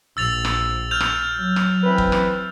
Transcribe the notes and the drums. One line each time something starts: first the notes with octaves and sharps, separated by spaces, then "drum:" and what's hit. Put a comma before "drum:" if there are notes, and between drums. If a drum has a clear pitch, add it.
A#1 E6 A6 F7
drum: rim click
F6 G6 F7
drum: rim click
F#3
drum: rim click
E3 C4 B4
drum: kick
drum: rim click